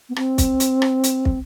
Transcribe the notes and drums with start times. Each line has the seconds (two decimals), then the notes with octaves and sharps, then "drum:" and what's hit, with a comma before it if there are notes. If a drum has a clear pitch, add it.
0.09 B3
0.16 C4, drum: rim click
0.38 drum: kick, hi-hat
0.60 drum: hi-hat
0.82 drum: rim click
1.04 drum: hi-hat
1.25 drum: kick